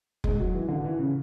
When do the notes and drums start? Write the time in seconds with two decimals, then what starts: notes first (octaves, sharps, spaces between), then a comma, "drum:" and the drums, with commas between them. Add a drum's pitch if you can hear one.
0.24 G#3, drum: kick F1
0.40 F#3
0.54 E3
0.68 D3
0.84 E3
0.99 C#3